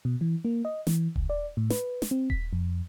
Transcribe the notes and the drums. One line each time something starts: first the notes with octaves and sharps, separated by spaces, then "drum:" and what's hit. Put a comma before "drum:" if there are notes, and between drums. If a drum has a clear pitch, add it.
B2
E3
A#3
D#5
E3, drum: snare
C#2, drum: kick D#1
D5
A2
B4, drum: snare
drum: snare
C4
B6, drum: kick D#1
F2